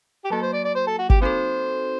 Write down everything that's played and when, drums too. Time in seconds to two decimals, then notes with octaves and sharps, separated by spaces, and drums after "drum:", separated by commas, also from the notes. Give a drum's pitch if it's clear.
0.25 G4
0.30 F#3 A#3 F#4 A4
0.42 C5
0.53 D5
0.65 D5
0.75 C5
0.87 A4
0.99 F#4
1.10 G4, drum: kick G#1
1.21 C4 D#4 F#4 A4 C5